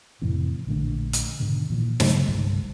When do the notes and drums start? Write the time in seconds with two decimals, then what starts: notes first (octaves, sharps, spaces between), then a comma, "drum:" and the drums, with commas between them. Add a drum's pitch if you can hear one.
0.22 F2 A2 C3 E3
0.67 A#1 D3 A3 D4
1.13 drum: hi-hat
1.40 G#2 B2 D3 D#3
1.70 A#2 E3
2.00 G2 C#3 F#3 A3, drum: snare
2.27 G1 C2 G2 G#3